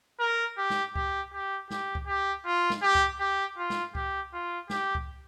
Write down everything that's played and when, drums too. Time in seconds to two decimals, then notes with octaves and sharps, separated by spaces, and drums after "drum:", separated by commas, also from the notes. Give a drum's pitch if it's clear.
0.20 A#4
0.58 G4
0.70 drum: snare
0.96 G4, drum: kick C#2
1.33 G4
1.70 G4, drum: snare
1.95 drum: kick C#2
2.07 G4
2.45 F4
2.70 drum: snare
2.82 G4
2.95 drum: kick C#2
3.19 G4
3.58 F4
3.70 drum: snare
3.95 G4, drum: kick C#2
4.33 F4
4.70 G4, drum: snare
4.95 drum: kick C#2